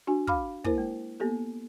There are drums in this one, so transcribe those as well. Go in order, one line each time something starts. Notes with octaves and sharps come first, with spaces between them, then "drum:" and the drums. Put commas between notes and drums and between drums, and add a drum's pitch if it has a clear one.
D4 F#4 G#5
F5 B5 D6 F6, drum: kick
A#3 E4 A#4 C5, drum: kick
G#3
A#3 B3 G4 A4